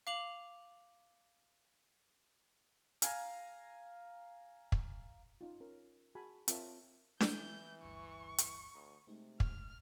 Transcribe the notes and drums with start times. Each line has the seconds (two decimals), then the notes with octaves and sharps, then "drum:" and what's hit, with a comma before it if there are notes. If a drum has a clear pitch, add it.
0.07 F5 D6 F7 F#7
3.02 F5 G#5 A#5, drum: hi-hat
4.72 drum: kick
5.41 C#4 D#4 F4
5.60 C#4 A#4
6.15 F#4 G#4 G#5 A5 B5
6.48 C4 F4 A#4 C#5 E5 A5, drum: hi-hat
7.20 E3 C4 E4 G6, drum: snare D4
7.83 G1 D2 G2 C#6
8.38 drum: hi-hat
8.74 D2 A#5 B5 D#6
9.07 C3 G#3 A3 D#4
9.40 F6, drum: kick